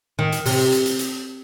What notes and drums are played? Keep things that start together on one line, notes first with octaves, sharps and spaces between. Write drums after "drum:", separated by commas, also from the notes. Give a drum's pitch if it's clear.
D#3
drum: hi-hat
C3, drum: open hi-hat
drum: hi-hat
drum: hi-hat
drum: hi-hat